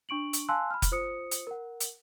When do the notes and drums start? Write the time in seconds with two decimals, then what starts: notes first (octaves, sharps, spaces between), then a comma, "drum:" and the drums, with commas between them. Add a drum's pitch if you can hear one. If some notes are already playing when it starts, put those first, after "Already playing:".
0.09 D4 C#6 D7 F#7
0.33 drum: hi-hat
0.49 F5 G#5 A5 C6 E6 F#6
0.71 B5 F6
0.82 drum: kick F1, hi-hat
0.91 F4 C5 D#6 C#7
1.31 drum: hi-hat
1.47 A#4 F#5
1.80 drum: hi-hat